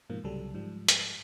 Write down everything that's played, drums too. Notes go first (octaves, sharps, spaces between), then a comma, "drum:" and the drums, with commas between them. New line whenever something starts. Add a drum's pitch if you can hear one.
G#2 B2 F3 A#3
C2 C#3 F#3 G3 A4
G#2 F3 G3
drum: hi-hat